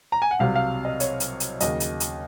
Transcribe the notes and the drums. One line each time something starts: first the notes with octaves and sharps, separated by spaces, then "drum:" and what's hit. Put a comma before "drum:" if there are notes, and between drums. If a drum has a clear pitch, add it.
A#5
G#5
F#5
C2 C3 F#3 F5
F5
D#5
C#5, drum: hi-hat
drum: hi-hat
drum: hi-hat
D#2 C#3 F#3 D#5, drum: hi-hat
drum: hi-hat
drum: hi-hat